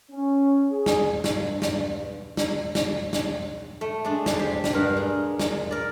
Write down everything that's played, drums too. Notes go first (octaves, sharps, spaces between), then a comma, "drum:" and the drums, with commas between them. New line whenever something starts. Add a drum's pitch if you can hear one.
C#4
G#4
drum: snare
G2, drum: snare
drum: snare
drum: snare
drum: snare
drum: snare
A3
G#3 D4
drum: snare
G4 C5
drum: snare
G2 A#4 F5 F#5
G#3
drum: snare
A#4 D5